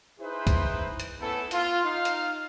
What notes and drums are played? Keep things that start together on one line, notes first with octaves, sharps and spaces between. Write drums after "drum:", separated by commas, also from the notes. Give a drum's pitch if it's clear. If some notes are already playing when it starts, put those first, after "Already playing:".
D#4 E4 G#4 B4 C5
drum: kick C2, hi-hat
drum: hi-hat
A3 B3 C#4 E4 A4
F4, drum: hi-hat
D#4 F5
drum: hi-hat